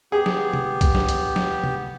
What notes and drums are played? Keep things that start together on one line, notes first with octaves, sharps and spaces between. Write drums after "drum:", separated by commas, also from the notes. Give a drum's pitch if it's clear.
B3 G4 G#4
drum: snare
drum: tom
drum: kick, hi-hat
drum: snare
drum: hi-hat
drum: snare
drum: tom